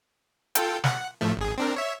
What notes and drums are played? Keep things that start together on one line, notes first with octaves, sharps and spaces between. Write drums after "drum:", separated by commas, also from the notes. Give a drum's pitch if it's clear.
F4 A4 G5, drum: hi-hat
F#5, drum: snare
A2 F3 A3
G#1 G#4
C4 D4 A#4
C#5 E5